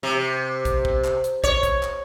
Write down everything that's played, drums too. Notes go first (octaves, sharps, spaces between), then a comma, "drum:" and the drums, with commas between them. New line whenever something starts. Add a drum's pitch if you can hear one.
C3
drum: kick, hi-hat
drum: kick
drum: clap
drum: hi-hat
C#5, drum: kick, hi-hat
drum: kick, hi-hat
drum: clap